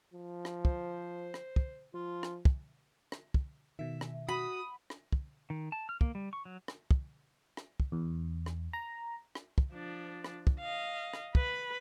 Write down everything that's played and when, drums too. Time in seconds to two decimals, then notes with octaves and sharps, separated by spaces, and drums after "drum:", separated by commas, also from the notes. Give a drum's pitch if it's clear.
0.14 F3
0.45 drum: rim click
0.65 C5, drum: kick
1.34 drum: rim click
1.56 drum: kick
1.94 F3 F4
2.23 drum: rim click
2.45 drum: kick
3.12 drum: rim click
3.34 drum: kick
3.79 B2 D#3 E5
4.01 drum: rim click
4.29 F#4 B5 D#6
4.90 drum: rim click
5.12 drum: kick
5.50 D#3
5.72 A5
5.89 F6
6.01 A#3, drum: kick
6.15 G3
6.33 C#6
6.45 F#3
6.68 drum: rim click
6.91 drum: kick
7.57 drum: rim click
7.80 drum: kick
7.92 E2
8.46 drum: rim click
8.73 A#5
9.35 drum: rim click
9.58 drum: kick
9.72 F3 D4
10.24 drum: rim click
10.47 drum: kick
10.60 D#5 F5
11.14 drum: rim click
11.35 B4 B5, drum: kick